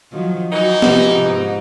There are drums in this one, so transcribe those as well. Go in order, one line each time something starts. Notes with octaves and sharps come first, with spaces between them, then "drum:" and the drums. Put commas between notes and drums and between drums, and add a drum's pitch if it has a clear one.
D#3 F3 F#3
E3 F#3 D#4 F#4
C3 F3 G4, drum: snare
G#2